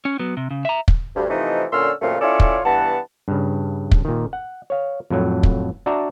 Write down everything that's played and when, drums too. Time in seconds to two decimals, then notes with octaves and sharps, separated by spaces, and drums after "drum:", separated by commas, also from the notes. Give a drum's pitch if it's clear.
0.05 C#4
0.19 F#3 B3
0.37 C3
0.51 C#3
0.65 E5 A#5
0.88 drum: kick
1.16 D2 G2
1.30 C3 E3 F3 A3 D#4
1.73 A#2 D3 C#4 C6 E6 F6
2.02 F#2 A#2 C#3 A3 C4 F4
2.21 C#4 E4 F4 A4 C#5 D5
2.40 drum: kick
2.65 G2 E3 B3 F#5 A5
3.28 G2 C#3
3.91 drum: kick
4.05 A#2 D#3
4.33 F#5
4.70 C#5 F5
5.10 F2 A2 F#3
5.43 drum: kick
5.86 D4 F#4 D5 E5 A#5